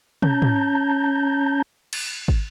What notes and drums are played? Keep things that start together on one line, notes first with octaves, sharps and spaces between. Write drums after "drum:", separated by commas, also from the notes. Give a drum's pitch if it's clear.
C#4 A5 A#5 G6, drum: tom
drum: tom
drum: cymbal
drum: kick